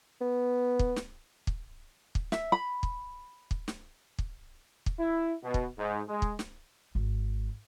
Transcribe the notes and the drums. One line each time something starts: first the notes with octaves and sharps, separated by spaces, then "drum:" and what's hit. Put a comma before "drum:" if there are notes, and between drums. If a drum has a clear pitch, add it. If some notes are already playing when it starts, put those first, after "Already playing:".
B3
drum: kick
drum: snare
drum: kick
drum: kick
E5, drum: snare
B5
drum: kick
drum: kick
drum: snare
drum: kick
drum: kick
E4
B2
drum: kick
G#2
G#3
drum: kick
drum: snare
G#1